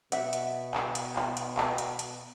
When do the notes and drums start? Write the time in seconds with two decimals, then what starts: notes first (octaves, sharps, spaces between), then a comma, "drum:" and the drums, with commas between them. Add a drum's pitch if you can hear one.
0.12 B2 E5 F#5, drum: hi-hat
0.33 drum: hi-hat
0.74 drum: clap
0.95 drum: hi-hat
1.16 drum: clap
1.37 drum: hi-hat
1.58 drum: clap
1.78 drum: hi-hat
1.99 drum: hi-hat